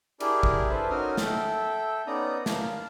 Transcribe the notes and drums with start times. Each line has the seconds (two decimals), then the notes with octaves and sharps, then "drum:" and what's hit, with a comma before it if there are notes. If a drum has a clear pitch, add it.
0.20 D4 E4 G4 G#4 A#4 D5, drum: cymbal
0.43 drum: kick
0.70 A4 B4 C5 E5
0.90 C#4 D#4 F#4 A#4 D#6 F6
1.17 A4 E5 G5, drum: snare
2.07 B3 C#4 D#4 D5 A#5 D#6
2.46 A#4 F5 A5, drum: snare